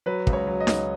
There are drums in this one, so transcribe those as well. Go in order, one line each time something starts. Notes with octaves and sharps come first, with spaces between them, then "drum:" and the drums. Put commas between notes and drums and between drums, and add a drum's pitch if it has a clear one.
F#3 B4
C#2, drum: kick
C#5
F#3
D#5
C#2, drum: snare D#4